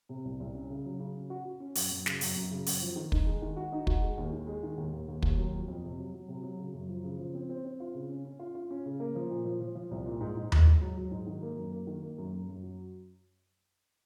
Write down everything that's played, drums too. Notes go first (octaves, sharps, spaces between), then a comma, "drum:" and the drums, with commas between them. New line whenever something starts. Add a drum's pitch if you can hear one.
C3
C2
C2
C#4
C#3
F#3
C#3
C#4
F#4
F#4
C#4
F#2, drum: open hi-hat
F#2
C#3, drum: snare
F#2, drum: open hi-hat
F#2
C#3
F#2, drum: open hi-hat
F3
D#3
D#4, drum: kick
G#3
D#3
F#4
D#4
F#4, drum: kick
G#3
D#2
D#3
G#3
D#3
D#2
D#2
D#2
D#2, drum: kick
F#3
F2
F2
C3
F#3
F#3
C3
F#3
C#3
F#2
F3
C#3
F3
C4
C4
C4
F4
C#3
C#4
C#4
F4
F4
C#4
C#3
A#3
F3
A#2
F3
F3
F3
C2
A#2
G#2
G#2
G#2, drum: tom D#2
G#2
F#3
F#3
G#2
D#3
A#3
F#2
A#3
D#3
A#3
F#2
F#2
F#2
F#3